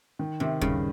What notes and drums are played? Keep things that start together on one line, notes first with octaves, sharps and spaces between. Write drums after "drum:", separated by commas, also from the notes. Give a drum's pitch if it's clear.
D#3
C3 D#3
G2 C#3, drum: kick